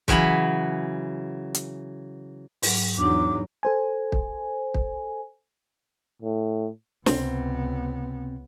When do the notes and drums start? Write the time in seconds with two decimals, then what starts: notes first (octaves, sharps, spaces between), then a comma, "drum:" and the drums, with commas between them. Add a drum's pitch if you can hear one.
0.08 C#3 E3 F#3 F#5 B5, drum: kick
1.54 drum: hi-hat
2.62 G#2 F#3, drum: open hi-hat
2.98 E2 F#3 D4 D#4 D6
3.63 A4 C5 G#5
4.12 drum: kick
4.74 drum: kick
6.22 A2
7.06 C#2 C3 B3 C4, drum: snare